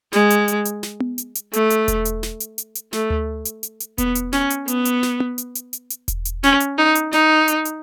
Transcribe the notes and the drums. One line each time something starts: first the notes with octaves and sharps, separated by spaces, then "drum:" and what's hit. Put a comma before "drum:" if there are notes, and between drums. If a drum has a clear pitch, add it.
G#3, drum: snare
drum: hi-hat
drum: hi-hat
drum: hi-hat
drum: snare
drum: tom B3
drum: hi-hat
drum: hi-hat
A3, drum: hi-hat
drum: hi-hat
drum: kick E1, hi-hat
drum: hi-hat
drum: snare
drum: hi-hat
drum: hi-hat
drum: hi-hat
A3, drum: snare
drum: tom D2
drum: hi-hat
drum: hi-hat
drum: hi-hat
B3, drum: kick E1, hi-hat
drum: hi-hat
C#4, drum: snare
drum: hi-hat
B3, drum: hi-hat
drum: hi-hat
drum: snare
drum: tom B3
drum: hi-hat
drum: hi-hat
drum: hi-hat
drum: hi-hat
drum: kick E1, hi-hat
drum: hi-hat
C#4, drum: snare
drum: hi-hat
D#4
drum: hi-hat
D#4, drum: snare
drum: hi-hat
drum: hi-hat